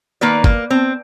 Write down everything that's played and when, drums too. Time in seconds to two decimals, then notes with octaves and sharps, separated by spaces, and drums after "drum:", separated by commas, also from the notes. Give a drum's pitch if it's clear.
0.21 D#3 A#3 B4 D5
0.44 A#3, drum: kick G1
0.70 C4